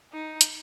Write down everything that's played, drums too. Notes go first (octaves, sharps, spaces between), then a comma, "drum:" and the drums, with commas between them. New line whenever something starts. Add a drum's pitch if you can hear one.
D#4
drum: hi-hat